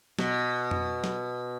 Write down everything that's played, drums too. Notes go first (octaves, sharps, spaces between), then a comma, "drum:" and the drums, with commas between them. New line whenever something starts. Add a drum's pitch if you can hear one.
B2, drum: snare
drum: tom F2
drum: snare